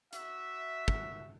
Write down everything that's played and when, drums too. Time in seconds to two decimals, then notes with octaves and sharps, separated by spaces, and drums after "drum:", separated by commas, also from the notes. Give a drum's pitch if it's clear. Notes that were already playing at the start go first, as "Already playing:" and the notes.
0.13 F#4 E5, drum: hi-hat
0.88 drum: kick